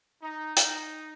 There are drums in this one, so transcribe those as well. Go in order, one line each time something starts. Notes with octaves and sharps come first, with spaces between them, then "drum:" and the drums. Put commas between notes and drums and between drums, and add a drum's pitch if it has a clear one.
D#4
D#4, drum: hi-hat